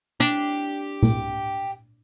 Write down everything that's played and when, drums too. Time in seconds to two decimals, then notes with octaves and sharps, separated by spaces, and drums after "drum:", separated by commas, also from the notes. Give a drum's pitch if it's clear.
0.20 D4 G4
1.02 drum: tom A#2